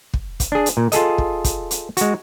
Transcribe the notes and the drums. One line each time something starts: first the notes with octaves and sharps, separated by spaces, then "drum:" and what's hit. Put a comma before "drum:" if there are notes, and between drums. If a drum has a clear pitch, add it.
drum: kick
drum: kick, hi-hat
D4 G#4
drum: hi-hat
A#2
F4 G#4 A4 D#5, drum: hi-hat
drum: kick
drum: kick, hi-hat
drum: hi-hat
G#3 F#4, drum: hi-hat